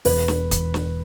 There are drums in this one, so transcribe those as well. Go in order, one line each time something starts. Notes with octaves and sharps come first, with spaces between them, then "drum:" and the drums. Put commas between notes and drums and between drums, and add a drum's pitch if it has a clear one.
E1 B4, drum: open hi-hat
drum: snare
E1, drum: kick, hi-hat
drum: snare